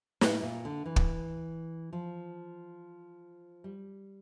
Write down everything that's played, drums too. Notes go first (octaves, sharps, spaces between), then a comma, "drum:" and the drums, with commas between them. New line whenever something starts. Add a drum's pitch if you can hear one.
A2, drum: snare
A#2
D3
E3
drum: kick
F3
G3